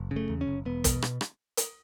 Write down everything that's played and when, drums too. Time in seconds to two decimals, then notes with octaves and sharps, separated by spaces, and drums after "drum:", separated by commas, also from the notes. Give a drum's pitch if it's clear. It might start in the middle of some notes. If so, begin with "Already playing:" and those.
Already playing: F#1
0.11 C#3
0.16 A3
0.29 E2
0.41 C#4
0.47 F#1
0.65 E1 B3
0.84 B2, drum: kick, hi-hat
1.02 drum: rim click
1.21 drum: rim click
1.57 drum: hi-hat